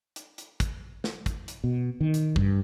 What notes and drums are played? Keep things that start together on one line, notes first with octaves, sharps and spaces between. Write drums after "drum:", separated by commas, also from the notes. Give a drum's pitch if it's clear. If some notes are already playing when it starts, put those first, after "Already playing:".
drum: hi-hat
drum: hi-hat
drum: kick, hi-hat
drum: snare
drum: kick, hi-hat
drum: hi-hat
B2
D#3
drum: hi-hat
G2, drum: kick